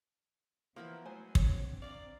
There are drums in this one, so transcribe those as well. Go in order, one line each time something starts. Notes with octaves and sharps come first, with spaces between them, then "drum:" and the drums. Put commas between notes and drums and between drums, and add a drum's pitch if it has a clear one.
E3 F3 A#3 B3 E4 A#4
F#3 A3 C5 G#5
C4 D4 C#5, drum: kick
D5 F5 A#5